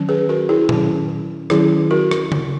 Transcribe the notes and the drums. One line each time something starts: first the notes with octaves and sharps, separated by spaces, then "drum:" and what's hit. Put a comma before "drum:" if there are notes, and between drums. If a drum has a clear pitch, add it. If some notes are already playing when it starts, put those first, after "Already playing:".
Already playing: D#3 F#3 C#4
G#4 B4
F#4 A#4
E4 G#4
D#3 F#3 C#4, drum: tom A#2
D#3 F#3 C#4 E4 G#4, drum: rim click
F#4 A#4
drum: rim click
drum: tom C#3